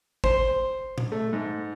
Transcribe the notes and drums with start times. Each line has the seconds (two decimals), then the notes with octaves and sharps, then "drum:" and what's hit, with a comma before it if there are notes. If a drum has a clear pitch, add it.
0.24 C5, drum: kick G1
0.98 drum: tom A#2
1.12 A3
1.33 G#2